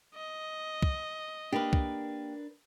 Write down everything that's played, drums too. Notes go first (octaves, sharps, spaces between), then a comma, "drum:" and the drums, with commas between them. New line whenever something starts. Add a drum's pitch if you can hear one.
D#5
drum: kick
A#3 D4 G4 A#4 B4
drum: kick